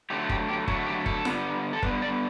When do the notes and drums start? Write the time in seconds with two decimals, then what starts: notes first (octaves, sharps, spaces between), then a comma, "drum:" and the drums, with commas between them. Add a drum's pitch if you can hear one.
0.10 D3 F#3 A3 G4
0.29 G4, drum: kick
0.49 G4
0.67 D3 F#3 A3 F#4, drum: kick
0.87 G4
1.06 A4, drum: kick
1.25 D3 G3 B3, drum: snare
1.73 A4
1.83 D3 G3 B3 B4, drum: kick
2.02 D5